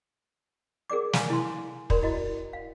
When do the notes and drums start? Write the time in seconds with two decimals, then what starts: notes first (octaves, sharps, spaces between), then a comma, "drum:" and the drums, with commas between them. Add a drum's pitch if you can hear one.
0.90 G#4 A#4 D5 D6
1.13 F5 G#5, drum: snare
1.30 E4 C6
1.90 A#4 D5 B5 C6, drum: kick
2.03 E4 F#4 D#5
2.53 F5